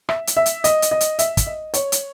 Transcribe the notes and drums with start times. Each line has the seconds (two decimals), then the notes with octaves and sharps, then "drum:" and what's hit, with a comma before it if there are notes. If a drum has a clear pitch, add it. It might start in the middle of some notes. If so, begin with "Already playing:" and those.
0.09 E5, drum: rim click
0.27 drum: hi-hat
0.37 E5
0.46 drum: hi-hat
0.64 D#5, drum: hi-hat
0.82 drum: hi-hat
0.91 D#5
1.01 drum: hi-hat
1.19 E5, drum: hi-hat
1.37 drum: kick, hi-hat
1.47 D#5
1.74 C#5, drum: hi-hat
1.92 drum: hi-hat